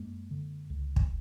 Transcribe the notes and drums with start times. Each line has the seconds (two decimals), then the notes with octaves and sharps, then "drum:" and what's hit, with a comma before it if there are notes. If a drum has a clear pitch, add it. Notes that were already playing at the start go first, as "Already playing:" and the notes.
Already playing: F#2 G#3 A#3
0.31 D3
0.70 C#2
0.96 drum: kick